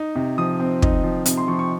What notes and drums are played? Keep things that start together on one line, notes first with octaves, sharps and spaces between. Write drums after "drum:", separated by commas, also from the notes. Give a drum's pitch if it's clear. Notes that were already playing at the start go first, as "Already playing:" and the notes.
Already playing: D#4
C3
F3 D#6
C4
D#4, drum: kick
F3
C3, drum: hi-hat
C6
F3 C#6
C#6